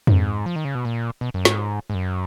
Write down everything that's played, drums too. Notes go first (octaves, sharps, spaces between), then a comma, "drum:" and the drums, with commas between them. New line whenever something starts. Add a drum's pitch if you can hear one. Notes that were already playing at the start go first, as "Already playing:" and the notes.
F#2, drum: tom F2
G#2
F3
D#3
C#3
B2
A#2
B2
F#2
G#2, drum: snare
G#2
F#2